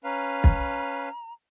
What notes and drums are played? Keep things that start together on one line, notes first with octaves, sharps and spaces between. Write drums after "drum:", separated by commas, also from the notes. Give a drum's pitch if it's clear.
C#4 B4 F5 A#5
drum: kick